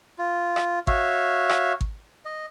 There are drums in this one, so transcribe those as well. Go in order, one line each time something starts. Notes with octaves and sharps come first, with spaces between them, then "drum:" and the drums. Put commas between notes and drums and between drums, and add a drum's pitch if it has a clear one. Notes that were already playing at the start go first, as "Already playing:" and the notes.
F4
drum: rim click
F#4 C#5 E5 F5, drum: kick G#1
drum: rim click
drum: kick G#1
D#5